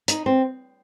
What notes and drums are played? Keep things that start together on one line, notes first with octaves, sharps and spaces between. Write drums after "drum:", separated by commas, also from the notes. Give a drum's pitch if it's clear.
D#4, drum: hi-hat
C4